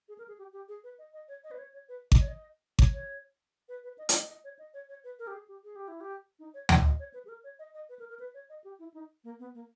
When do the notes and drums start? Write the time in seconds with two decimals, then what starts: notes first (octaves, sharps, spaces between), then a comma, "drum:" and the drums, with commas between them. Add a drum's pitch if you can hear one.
0.08 G#4
0.18 A#4
0.28 G#4
0.39 G4
0.53 G4
0.68 G#4
0.84 B4
0.99 D#5
1.14 D#5
1.28 C#5
1.44 D#5
1.51 B4
1.58 C#5
1.73 C#5
1.89 B4
2.12 D#5, drum: kick G#1
2.20 C#5
2.28 D#5
2.79 C#5, drum: kick G#1
2.94 C#5
3.69 B4
3.84 B4
3.98 D#5
4.09 C#5, drum: hi-hat
4.19 D#5
4.29 D#5
4.44 C#5
4.59 D#5
4.74 C#5
4.89 C#5
5.04 B4
5.19 A#4
5.27 G4
5.34 G#4
5.48 G4
5.64 G#4
5.76 G4
5.88 E4
6.01 G4
6.39 D#4
6.54 C#5
6.69 C#5, drum: tom D2
6.84 D#5
6.99 C#5
7.14 B4
7.25 G#4
7.29 A#4
7.44 C#5
7.59 D#5
7.74 D#5
7.89 B4
7.99 A#4
8.09 A#4
8.19 B4
8.34 C#5
8.50 D#5
8.64 G4
8.79 E4
8.94 D#4
9.24 A#3
9.39 B3
9.54 A#3